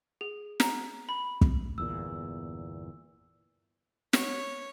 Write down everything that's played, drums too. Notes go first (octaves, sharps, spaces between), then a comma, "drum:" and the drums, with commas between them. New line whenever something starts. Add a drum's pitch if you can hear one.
G#4
A#5, drum: snare
B5
drum: kick
G1 E2 A#2 E6
C#5, drum: snare